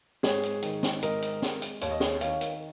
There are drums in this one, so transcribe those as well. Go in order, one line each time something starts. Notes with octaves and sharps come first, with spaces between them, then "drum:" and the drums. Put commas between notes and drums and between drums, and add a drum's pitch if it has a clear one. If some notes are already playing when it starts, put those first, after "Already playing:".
G#2 G#4 C#5, drum: snare
drum: hi-hat
D#3, drum: hi-hat
drum: snare
G#2 A#4 D#5, drum: hi-hat
drum: hi-hat
G#3, drum: snare
drum: hi-hat
D#2 C#5, drum: hi-hat
D#5
G#4 C#5, drum: snare
D#3 C#5 F5, drum: hi-hat
drum: hi-hat